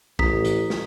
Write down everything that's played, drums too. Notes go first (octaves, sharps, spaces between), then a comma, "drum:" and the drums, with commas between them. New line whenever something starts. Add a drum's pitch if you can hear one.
A1 A#5 D#6 B6, drum: kick
drum: hi-hat
drum: snare